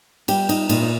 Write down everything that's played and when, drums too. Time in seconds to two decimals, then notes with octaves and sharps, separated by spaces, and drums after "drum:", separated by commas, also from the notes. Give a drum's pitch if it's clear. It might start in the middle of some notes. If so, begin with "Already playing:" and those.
0.28 G3 G4, drum: cymbal
0.49 D#4, drum: cymbal
0.69 A#2 D#4, drum: cymbal
0.83 D#4